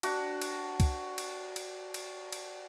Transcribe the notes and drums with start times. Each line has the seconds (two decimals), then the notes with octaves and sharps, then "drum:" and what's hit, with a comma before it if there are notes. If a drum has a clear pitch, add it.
0.03 D4 F#4, drum: cymbal
0.41 drum: cymbal
0.80 drum: kick C2, cymbal
1.18 drum: cymbal
1.56 drum: cymbal
1.94 drum: cymbal
2.32 drum: cymbal